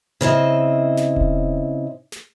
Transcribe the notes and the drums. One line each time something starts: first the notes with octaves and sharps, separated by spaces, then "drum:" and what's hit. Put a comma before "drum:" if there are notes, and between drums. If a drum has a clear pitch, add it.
C#3 C4 E4 D#5
drum: snare
drum: kick E1
drum: snare